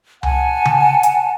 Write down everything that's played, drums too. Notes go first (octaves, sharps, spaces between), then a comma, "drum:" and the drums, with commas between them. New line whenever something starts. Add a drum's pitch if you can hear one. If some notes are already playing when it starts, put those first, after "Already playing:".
F#5 G#5 A5, drum: tom C2
drum: tom C#3
drum: hi-hat